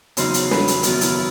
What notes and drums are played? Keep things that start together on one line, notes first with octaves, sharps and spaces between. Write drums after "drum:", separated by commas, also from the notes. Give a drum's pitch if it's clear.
E2 C#3 F#3 B3 D#4 C5, drum: hi-hat
drum: hi-hat
B4, drum: snare
drum: hi-hat
F#2 D#3 F#3 B3 F4, drum: hi-hat
E4, drum: hi-hat